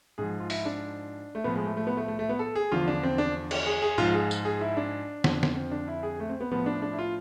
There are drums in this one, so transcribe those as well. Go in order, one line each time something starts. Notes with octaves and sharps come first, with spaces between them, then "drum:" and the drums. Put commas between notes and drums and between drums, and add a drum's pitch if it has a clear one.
G#2 F3 G#4
F4
E4, drum: open hi-hat
D4
A3
A2 F3 B3
G#3
A3
A3
B3
A3
A3
A3
B3
A4
G#4
E2 D3 F3 F4
D4
C4
D4
drum: cymbal
G#4
G#4
G#2 F3 F4
G#4
drum: tambourine
G#4
E4
D4
F2 D3 F3, drum: snare
drum: snare
C4
D4
E4
G#4
A3
C4
B3
A2 F3 B3
D4
D4
E4
F4